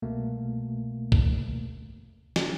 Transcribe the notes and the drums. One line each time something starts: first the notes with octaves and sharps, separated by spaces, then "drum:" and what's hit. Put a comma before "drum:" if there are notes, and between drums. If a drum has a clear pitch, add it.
C2 B2 A3 A#3
drum: kick C2
drum: snare